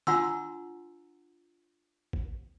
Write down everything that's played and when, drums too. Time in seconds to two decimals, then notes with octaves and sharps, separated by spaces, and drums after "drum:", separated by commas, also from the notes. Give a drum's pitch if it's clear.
0.07 D4 F4 F#5 A#5 C6 E6, drum: snare
2.13 drum: kick G#1